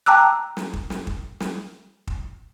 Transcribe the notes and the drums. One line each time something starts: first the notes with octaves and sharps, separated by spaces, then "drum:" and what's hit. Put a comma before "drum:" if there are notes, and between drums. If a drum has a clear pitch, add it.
G5 A5 A#5 D6 E6 F#6
drum: snare
drum: kick
drum: snare
drum: kick
drum: snare
drum: kick